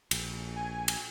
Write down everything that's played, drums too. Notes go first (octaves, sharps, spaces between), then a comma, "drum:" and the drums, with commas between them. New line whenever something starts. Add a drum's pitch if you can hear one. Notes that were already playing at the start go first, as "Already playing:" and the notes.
A#1, drum: cymbal
G#5
drum: cymbal